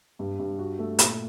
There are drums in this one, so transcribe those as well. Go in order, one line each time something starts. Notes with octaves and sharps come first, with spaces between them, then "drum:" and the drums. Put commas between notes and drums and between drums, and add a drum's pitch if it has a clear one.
G2
G2
F#4
A3
A#2, drum: hi-hat